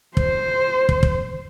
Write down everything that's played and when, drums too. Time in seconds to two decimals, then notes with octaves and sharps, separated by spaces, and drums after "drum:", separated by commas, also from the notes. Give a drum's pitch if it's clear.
0.17 C5, drum: kick
0.89 drum: kick
1.03 drum: kick